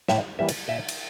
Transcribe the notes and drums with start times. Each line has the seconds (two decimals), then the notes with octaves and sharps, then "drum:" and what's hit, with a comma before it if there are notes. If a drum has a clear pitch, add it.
0.08 A2 E5, drum: snare
0.39 E3 G3 A#3 E5
0.49 drum: cymbal
0.68 A#2 E5
0.88 drum: cymbal